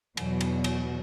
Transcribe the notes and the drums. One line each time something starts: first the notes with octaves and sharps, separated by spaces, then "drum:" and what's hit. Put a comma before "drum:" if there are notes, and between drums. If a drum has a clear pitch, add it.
E2 B2 F#3, drum: cymbal
drum: cymbal
drum: cymbal